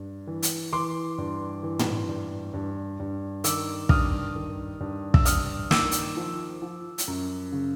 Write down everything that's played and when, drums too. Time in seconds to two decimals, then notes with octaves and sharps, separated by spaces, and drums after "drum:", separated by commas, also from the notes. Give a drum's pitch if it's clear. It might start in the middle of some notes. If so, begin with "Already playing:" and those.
Already playing: G2
0.27 E3
0.43 drum: hi-hat
0.73 E3 C6 D6
1.18 G2
1.63 E3
1.79 drum: tom
2.08 G2
2.53 G2
2.99 G2
3.44 D#3 D6 E6, drum: hi-hat
3.89 G2 D#6 F6, drum: kick
4.36 D#3
4.80 G2
5.14 E6, drum: kick
5.25 G2 D#6 F6, drum: hi-hat
5.71 D#3 D6 E6, drum: snare
5.91 drum: hi-hat
6.17 F3
6.62 F3
6.98 drum: hi-hat
7.08 F#2
7.53 C#3